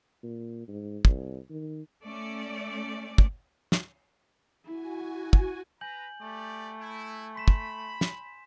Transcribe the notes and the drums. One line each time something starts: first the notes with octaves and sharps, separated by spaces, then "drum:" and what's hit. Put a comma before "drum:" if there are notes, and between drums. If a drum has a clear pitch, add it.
A#2
G#2
C2, drum: kick
D#3
A3 C#4 D5
drum: kick
drum: snare
E4 F#4 G#5
drum: kick
B4 G#5 A#5 G6 F#7
A3 G4 D5
E4
B5 C6 B6 E7
drum: kick
drum: snare